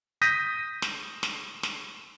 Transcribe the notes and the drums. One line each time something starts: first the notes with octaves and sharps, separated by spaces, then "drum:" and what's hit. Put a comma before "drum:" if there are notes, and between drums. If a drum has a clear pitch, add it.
D#6 G6 A#6 B6 D#7
drum: snare
drum: snare
drum: snare